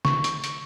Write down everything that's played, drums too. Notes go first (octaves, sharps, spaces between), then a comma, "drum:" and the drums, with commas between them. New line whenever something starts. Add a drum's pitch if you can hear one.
C#6, drum: snare
drum: hi-hat
drum: hi-hat